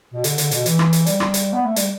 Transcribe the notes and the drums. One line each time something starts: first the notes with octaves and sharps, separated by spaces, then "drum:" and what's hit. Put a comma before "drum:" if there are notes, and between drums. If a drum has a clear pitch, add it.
B2
D3, drum: hi-hat
D3, drum: hi-hat
B2, drum: hi-hat
E3, drum: hi-hat
drum: rim click
drum: hi-hat
G3, drum: hi-hat
drum: rim click
drum: hi-hat
B3
A3
G3, drum: hi-hat